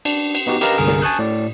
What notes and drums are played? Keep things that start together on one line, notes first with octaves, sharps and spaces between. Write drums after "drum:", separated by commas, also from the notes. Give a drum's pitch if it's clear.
D4, drum: cymbal
drum: cymbal
B3 D#4 F#4 G4
G4 A#4 B4 D#5 F5 A#5, drum: cymbal
G1 C2 D3 G#4 A#4
drum: snare
G#5 A5 C#6 D#6 F#6 G6
A2 D5